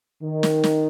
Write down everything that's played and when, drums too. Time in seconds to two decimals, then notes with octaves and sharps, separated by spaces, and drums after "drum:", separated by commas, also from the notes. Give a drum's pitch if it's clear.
0.23 D#3
0.43 drum: snare
0.64 drum: snare